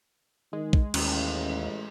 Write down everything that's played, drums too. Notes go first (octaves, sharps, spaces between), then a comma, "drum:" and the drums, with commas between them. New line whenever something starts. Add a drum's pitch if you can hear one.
D#3 G#3
drum: kick
A1 D#2 C#4, drum: cymbal